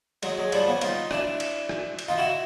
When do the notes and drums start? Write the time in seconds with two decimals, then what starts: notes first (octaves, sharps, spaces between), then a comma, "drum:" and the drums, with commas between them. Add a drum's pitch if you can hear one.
0.23 F#3 G#3, drum: cymbal
0.37 F#3 G#3
0.52 F3 G3, drum: cymbal
0.67 B3 C#4
0.81 D#4 F4, drum: cymbal
1.11 D4 E4, drum: rim click
1.40 drum: cymbal
1.69 drum: rim click
1.99 drum: cymbal
2.08 D#4 F4
2.18 E4 F#4